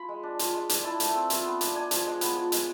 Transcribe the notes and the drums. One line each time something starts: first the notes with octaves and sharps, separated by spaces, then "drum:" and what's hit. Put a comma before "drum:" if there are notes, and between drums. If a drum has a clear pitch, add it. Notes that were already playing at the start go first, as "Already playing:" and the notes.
Already playing: F4 B5
G#3
D4
F4, drum: hi-hat
G#3
D4, drum: hi-hat
E4 A5
A3, drum: hi-hat
C4
F4, drum: hi-hat
B3
D4, drum: hi-hat
D4 G#5
F3, drum: hi-hat
G#3
B3, drum: hi-hat
F3
G#3, drum: hi-hat